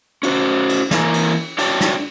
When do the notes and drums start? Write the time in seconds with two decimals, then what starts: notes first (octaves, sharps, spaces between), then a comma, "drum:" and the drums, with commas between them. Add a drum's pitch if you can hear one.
0.23 C#4 F#4 C5, drum: cymbal
0.69 drum: cymbal
0.91 E3 A#3 E4 A#4 G#5 A#5, drum: snare
1.14 drum: cymbal
1.58 D4 F#4 C#5 D5 G5 A5, drum: cymbal
1.81 drum: snare